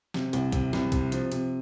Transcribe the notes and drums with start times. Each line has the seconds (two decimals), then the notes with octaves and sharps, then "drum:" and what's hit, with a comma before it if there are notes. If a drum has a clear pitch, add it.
0.14 C3, drum: snare
0.33 C2, drum: hi-hat
0.52 C3, drum: kick B1, hi-hat
0.73 C2, drum: snare
0.92 C3, drum: kick B1, hi-hat
1.12 F3, drum: hi-hat
1.32 C3, drum: hi-hat